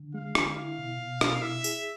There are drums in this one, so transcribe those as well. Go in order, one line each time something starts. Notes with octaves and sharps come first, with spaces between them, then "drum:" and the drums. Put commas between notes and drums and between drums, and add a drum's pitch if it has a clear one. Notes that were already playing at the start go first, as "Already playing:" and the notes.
Already playing: D3
G#3 F5
D3, drum: rim click
E4 F5
B2
B2
B2, drum: rim click
E4 E5
G#4, drum: tambourine